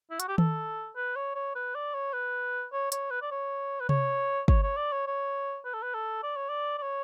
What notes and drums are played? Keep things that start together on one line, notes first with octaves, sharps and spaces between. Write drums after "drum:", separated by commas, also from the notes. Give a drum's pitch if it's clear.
E4
F#4, drum: hi-hat
G4
A4, drum: tom D#3
B4
C#5
C#5
B4
D5
C#5
B4
C#5
C#5, drum: hi-hat
B4
D5
C#5
B4
C#5, drum: tom C3
C#5, drum: kick
C#5
D5
C#5
C#5
B4
A4
B4
A4
D5
C#5
D5
D5
C#5